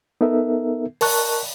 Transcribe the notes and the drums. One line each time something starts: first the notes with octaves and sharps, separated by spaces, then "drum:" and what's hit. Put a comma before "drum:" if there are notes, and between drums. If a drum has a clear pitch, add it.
B3 D#4 A4 A#4 E5
A#4 A5 C#6 F#6, drum: open hi-hat